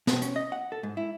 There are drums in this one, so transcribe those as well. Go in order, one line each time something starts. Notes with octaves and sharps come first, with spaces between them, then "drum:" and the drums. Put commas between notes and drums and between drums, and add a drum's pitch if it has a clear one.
B2, drum: snare
C#4, drum: hi-hat
D#5
F#5
A4
G#2
E4